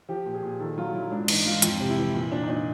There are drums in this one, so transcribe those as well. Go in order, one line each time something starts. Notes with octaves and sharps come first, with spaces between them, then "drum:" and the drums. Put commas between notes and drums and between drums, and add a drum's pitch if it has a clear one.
F3 G4
A#2
G#4
A#2
D#3 A4
F#3 F4
F#3 E4
G#2 D4
D4
E3 D#4, drum: cymbal
G#2 F4
F2 F4, drum: hi-hat
C3
E4
E3
A#2
A#2 D4
D#4
A#2 D4